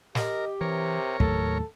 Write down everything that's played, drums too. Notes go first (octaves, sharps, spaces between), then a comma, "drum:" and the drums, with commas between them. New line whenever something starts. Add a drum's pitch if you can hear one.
G4 A#4 D#5, drum: snare
C3 E3 A#4 C#5
D#2 A2 F#3 A4, drum: kick